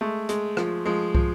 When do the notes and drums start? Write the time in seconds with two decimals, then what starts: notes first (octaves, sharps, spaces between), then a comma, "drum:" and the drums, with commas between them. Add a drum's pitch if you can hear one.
0.01 G#3 A3
0.29 G#3, drum: hi-hat
0.57 F3, drum: rim click
0.86 F3 G#3
1.15 F3, drum: kick